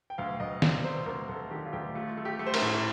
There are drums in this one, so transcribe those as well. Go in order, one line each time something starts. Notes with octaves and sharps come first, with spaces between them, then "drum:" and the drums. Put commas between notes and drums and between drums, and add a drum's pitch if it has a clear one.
G5
D2 F5
D2 D#5
C3 D5, drum: snare
C3 C5
D2 A#4
D2 A4
D#3 G4
F4
D2 G4
A3 F4
A3
G4
A3
C5
A#4, drum: cymbal
A2